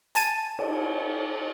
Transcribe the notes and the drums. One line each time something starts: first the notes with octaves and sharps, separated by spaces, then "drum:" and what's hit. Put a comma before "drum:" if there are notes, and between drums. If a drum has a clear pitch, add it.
G#5 A5 D#7, drum: hi-hat
drum: cymbal